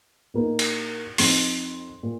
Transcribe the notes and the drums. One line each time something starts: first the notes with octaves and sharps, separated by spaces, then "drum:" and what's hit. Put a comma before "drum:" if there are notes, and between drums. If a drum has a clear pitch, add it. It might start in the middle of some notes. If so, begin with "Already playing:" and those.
A#2 A#3 D#4
drum: cymbal
F2 F3 D#4 C6, drum: open hi-hat
A#2